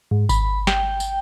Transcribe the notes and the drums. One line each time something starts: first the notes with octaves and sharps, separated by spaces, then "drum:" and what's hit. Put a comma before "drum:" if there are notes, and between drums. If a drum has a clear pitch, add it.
G#2
B5, drum: kick G#1, tambourine
G5, drum: snare
drum: tambourine